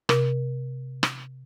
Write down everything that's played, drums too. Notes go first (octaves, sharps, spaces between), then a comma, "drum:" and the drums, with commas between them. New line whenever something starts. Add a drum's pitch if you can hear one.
C3, drum: rim click
drum: rim click